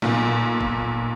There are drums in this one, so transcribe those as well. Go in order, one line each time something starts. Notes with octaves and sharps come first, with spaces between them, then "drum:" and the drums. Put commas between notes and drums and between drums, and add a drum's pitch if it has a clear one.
B1 A#2, drum: snare
drum: kick